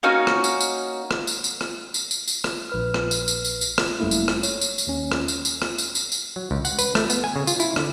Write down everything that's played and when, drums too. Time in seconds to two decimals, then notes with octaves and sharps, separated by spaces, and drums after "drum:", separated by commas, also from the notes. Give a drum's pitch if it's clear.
0.03 A#3 C#4 D#4 F#4
0.27 drum: rim click
0.44 drum: tambourine
0.61 drum: tambourine
1.11 drum: rim click
1.27 drum: tambourine
1.44 drum: tambourine
1.61 drum: rim click
1.94 drum: tambourine
2.11 drum: tambourine
2.28 drum: tambourine
2.44 drum: rim click
2.69 A#1 B4 F6
2.94 drum: rim click
3.11 drum: tambourine
3.28 drum: tambourine
3.44 drum: tambourine
3.61 drum: tambourine
3.78 drum: rim click
4.00 G1 F#2 G3 A3 A#3 E4
4.11 drum: tambourine
4.28 drum: rim click
4.43 C#5, drum: tambourine
4.61 drum: tambourine
4.78 drum: tambourine
4.87 D#2 C#4
5.12 drum: rim click
5.28 drum: tambourine
5.45 drum: tambourine
5.62 drum: rim click
5.78 drum: tambourine
5.95 drum: tambourine
6.12 drum: tambourine
6.36 F#3
6.51 C#2
6.65 F#5, drum: tambourine
6.79 B4, drum: tambourine
6.95 A3, drum: rim click
7.10 B3, drum: tambourine
7.24 G#5
7.36 C#3
7.47 F4, drum: tambourine
7.60 E4, drum: tambourine
7.76 D3, drum: rim click